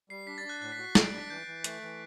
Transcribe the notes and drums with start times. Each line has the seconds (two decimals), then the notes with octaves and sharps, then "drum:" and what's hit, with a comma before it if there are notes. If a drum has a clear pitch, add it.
0.10 G3 C7
0.27 D4 B6
0.38 A6
0.44 D4
0.49 F#6
0.61 A2 F#6
0.72 B6
0.79 F#4
0.84 C7
0.95 G3 D7, drum: snare
1.13 D4
1.18 B6
1.30 E3 G6
1.47 E3
1.64 A3, drum: hi-hat
1.82 E3